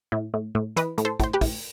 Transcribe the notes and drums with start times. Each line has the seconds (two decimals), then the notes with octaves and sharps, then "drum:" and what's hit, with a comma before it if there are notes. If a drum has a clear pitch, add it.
0.12 A2
0.34 A2
0.55 A2
0.76 E3 B4 D#5, drum: hi-hat
0.98 A2, drum: hi-hat
1.05 A4 C5
1.20 A2 C5, drum: kick, hi-hat
1.33 G4 B4
1.41 A2, drum: kick, open hi-hat